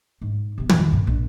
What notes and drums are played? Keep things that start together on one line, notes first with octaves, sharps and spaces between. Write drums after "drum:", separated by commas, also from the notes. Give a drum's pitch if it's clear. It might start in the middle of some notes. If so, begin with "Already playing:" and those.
G#2
C3 B3
A#1 F2, drum: tom
G2 A#2
A#1 A#2